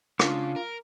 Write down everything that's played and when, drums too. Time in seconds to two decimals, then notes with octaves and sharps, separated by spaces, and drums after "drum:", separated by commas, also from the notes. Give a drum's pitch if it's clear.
0.19 C#3 D4 F4, drum: rim click
0.56 A#4